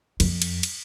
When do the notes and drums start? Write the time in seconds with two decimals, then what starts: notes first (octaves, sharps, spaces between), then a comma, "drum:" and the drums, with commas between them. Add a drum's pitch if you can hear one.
0.20 F2, drum: cymbal
0.42 drum: cymbal
0.63 drum: cymbal